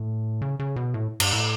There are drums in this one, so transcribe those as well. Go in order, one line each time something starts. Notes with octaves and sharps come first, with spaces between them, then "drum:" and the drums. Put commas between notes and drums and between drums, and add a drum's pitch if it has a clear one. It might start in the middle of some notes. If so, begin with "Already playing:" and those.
Already playing: A2
C#3
C#3
B2
A2
G2, drum: cymbal
A2